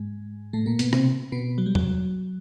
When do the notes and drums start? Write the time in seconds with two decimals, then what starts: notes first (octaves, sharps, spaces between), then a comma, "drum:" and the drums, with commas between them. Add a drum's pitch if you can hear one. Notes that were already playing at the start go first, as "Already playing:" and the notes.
Already playing: G#2 G#3
0.53 A2 A3
0.66 A#2 A#3
0.79 B2 B3, drum: hi-hat
0.93 C3 C4, drum: rim click
1.32 B2 B3
1.58 F#3
1.66 G3
1.75 F#3, drum: tom E2